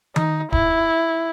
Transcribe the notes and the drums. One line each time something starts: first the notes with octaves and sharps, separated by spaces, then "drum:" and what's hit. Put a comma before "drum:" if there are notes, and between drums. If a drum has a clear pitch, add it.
D#4, drum: tom D#3
E4, drum: kick